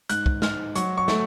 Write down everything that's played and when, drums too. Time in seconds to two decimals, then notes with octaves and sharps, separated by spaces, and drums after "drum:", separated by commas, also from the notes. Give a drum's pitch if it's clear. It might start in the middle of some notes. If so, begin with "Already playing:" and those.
0.09 G#2 F#6, drum: hi-hat
0.26 drum: kick
0.42 G#2 F6, drum: snare
0.75 F#3 C#6, drum: hi-hat
0.97 C#6
1.08 A3, drum: snare